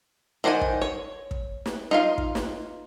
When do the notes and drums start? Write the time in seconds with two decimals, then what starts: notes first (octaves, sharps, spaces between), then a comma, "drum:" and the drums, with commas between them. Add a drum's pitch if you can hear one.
0.44 D#3 C5 D5 F#5 G#5
0.61 drum: kick
0.82 C#5
1.31 drum: kick
1.66 drum: snare
1.91 D#4 F4 F5
2.18 drum: kick
2.35 drum: snare